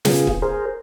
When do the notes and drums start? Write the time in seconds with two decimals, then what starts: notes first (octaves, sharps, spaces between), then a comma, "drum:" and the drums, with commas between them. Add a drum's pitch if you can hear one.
0.05 C#3 B3 F4 G#4, drum: snare
0.27 drum: kick
0.42 G#4 A#4 C5